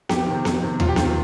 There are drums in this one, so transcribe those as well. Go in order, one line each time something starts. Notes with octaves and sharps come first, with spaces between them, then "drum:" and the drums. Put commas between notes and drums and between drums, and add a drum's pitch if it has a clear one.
F2 G4, drum: snare B3
C3 D#3
F2, drum: snare B3
C3 D#3
F2 F4, drum: tom D#2
G4
C3 D#3 F4, drum: snare B3